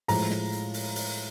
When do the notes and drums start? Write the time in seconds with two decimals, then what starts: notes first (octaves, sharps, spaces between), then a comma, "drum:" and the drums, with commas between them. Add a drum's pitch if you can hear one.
0.08 A2 F3 G#3 A#5, drum: open hi-hat
0.30 drum: snare
0.52 drum: hi-hat
0.74 drum: open hi-hat
0.96 drum: open hi-hat